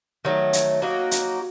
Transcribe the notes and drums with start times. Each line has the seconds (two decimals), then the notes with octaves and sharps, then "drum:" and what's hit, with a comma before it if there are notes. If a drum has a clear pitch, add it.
0.25 D#3 F#3 A3
0.53 drum: hi-hat
0.82 F#3 A#3 D#4 F#4
1.11 drum: hi-hat